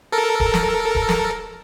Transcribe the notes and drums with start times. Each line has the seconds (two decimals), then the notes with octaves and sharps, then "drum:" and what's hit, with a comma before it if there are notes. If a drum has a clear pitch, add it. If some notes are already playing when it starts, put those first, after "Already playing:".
0.12 A4 A#4
0.40 drum: kick D1
0.54 drum: snare
0.95 drum: kick D1
1.09 drum: snare